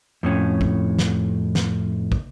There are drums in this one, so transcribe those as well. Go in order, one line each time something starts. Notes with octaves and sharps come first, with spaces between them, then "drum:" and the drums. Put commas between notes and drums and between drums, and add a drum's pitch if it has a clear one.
F2 A2 C#4
drum: kick
drum: snare
drum: snare
drum: kick